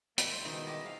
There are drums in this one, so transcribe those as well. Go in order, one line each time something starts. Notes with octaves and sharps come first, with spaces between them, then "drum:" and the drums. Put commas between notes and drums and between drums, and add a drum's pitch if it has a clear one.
D#3 G3 A#3 E4, drum: hi-hat
D2 C5
B2 D#3 F3 G#3 D#6
G4 D#5
F5